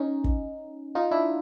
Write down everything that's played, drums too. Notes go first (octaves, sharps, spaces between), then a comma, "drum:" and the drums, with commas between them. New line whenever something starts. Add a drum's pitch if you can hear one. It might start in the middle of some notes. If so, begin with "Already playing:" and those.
Already playing: C#4 D#4
drum: kick
D#4 F4
D4 E4